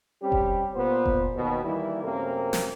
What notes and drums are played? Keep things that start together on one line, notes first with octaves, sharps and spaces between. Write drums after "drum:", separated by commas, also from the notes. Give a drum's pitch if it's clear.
G3 C4 C#4 G4
drum: kick F1
A#2 B3 C5
drum: kick F1
D#2 B2
D#3 E3 G3 A#3 E4
F#2 C3 A3 A#3 C4 A#4
drum: snare